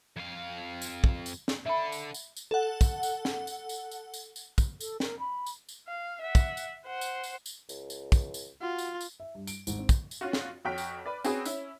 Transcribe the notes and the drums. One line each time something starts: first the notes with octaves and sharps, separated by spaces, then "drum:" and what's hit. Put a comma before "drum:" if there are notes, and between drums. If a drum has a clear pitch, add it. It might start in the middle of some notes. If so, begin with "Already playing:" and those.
F2 F5
drum: tambourine
drum: kick
drum: tambourine
drum: snare
D3 A4 E5 B5
drum: tambourine
drum: tambourine
drum: tambourine
A4 F#5
drum: kick, tambourine
drum: tambourine
drum: snare
drum: tambourine
drum: tambourine
drum: tambourine
drum: tambourine
drum: tambourine
drum: kick, tambourine
A4, drum: tambourine
A#4, drum: snare
B5
drum: tambourine
drum: tambourine
F5
E5 F#5
drum: kick, tambourine
drum: tambourine
C5 F#5
drum: tambourine
drum: tambourine
drum: tambourine
C#2, drum: tambourine
drum: tambourine
drum: kick, tambourine
drum: tambourine
F4 F#4
drum: tambourine
drum: tambourine
E5
G2
D7, drum: tambourine
G#1, drum: tambourine
C4
drum: kick, tambourine
drum: tambourine
C#4 F4 F#4
drum: snare
F2 F#4 C#5 G5 F6 B6
drum: tambourine
B4 D5
C4 C#4 F#4 G#4 B4, drum: tambourine
C#4 E4, drum: tambourine